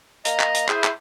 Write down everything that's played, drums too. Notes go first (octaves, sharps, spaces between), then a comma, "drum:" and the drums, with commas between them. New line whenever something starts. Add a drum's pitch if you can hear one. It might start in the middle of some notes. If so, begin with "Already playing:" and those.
A#3 D#5 A#5, drum: hi-hat
drum: clap
drum: hi-hat
E4 G#4 C5, drum: clap
drum: clap